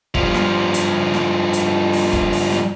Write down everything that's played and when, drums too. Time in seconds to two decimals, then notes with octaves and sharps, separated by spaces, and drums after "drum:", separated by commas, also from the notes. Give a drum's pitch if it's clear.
0.15 G2 F3, drum: kick
0.34 drum: snare
0.74 drum: hi-hat
1.14 drum: snare
1.53 drum: hi-hat
1.93 drum: open hi-hat
2.13 drum: kick
2.33 drum: open hi-hat
2.52 drum: snare